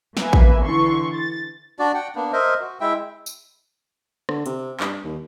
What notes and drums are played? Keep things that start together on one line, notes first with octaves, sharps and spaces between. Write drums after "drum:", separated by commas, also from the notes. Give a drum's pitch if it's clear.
A#3 B4 E5 G#5, drum: snare
drum: kick A1
D3 E3 C6 C#6
A6
D4 F#4 D5
F#5 G5
A#3 B3 D4
A#4 C5 D#5 E5
F#4
G#3 E4 E5 G5
drum: tambourine
D3, drum: rim click
C3, drum: hi-hat
G2, drum: clap
D#2